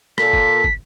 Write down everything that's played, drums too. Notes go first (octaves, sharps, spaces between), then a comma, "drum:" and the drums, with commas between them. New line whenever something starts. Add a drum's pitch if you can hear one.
A#2 A4 B6, drum: rim click
drum: kick
drum: kick